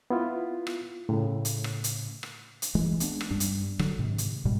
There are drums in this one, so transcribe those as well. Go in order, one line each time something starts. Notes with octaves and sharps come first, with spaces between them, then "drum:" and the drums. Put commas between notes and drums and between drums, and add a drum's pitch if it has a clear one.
B3 E4 F4
drum: rim click
A2 C#3
drum: hi-hat
drum: rim click
drum: hi-hat
drum: rim click
drum: hi-hat
E3 G#3 A3
G#3 B3 D4, drum: hi-hat
drum: rim click
G2 G3 D4
drum: hi-hat
D3 F#3, drum: rim click
G#2 C3 D#3
drum: hi-hat
G#2 B2 G3